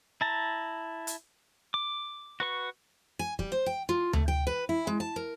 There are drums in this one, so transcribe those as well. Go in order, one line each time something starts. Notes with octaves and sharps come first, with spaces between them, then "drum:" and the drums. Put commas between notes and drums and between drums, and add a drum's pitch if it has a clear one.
E4 A5 A#5
drum: hi-hat
D6
F#4 B4 C#6
G#5
G3, drum: kick
C5
G5
F4
A3, drum: tom D2
G5
B4
E4
G#3
A5
A#4